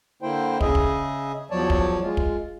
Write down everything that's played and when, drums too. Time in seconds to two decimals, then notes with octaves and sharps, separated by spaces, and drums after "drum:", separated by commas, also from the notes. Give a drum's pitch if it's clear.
0.22 D3 A#3 E4 C5 G5
0.61 C#3 G#4 D#5 E5, drum: kick
0.75 drum: kick
1.51 E2 F3 F#3 C#5 D5 A5
1.70 drum: kick
2.01 G#3 F4
2.17 drum: kick